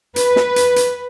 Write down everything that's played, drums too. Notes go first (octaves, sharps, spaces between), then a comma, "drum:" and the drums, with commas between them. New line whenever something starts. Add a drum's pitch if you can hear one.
B4, drum: hi-hat
drum: snare
drum: hi-hat
drum: hi-hat